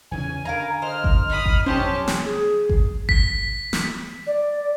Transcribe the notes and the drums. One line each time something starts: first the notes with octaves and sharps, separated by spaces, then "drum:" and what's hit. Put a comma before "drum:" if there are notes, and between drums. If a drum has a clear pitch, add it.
E2 C#3 C#4 G#5
D3 A#4 F5 A#5
C5 D#5 F6
drum: kick G#1
D#4 B5 D#6
drum: kick G#1
B1 F2 C#4 G4 C5 A5
drum: snare
G#4
drum: kick G#1
B6, drum: kick G#1
drum: snare
D5